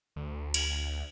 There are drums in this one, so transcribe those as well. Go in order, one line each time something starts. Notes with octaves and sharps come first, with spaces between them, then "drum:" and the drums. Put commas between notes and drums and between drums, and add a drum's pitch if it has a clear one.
D2
drum: cymbal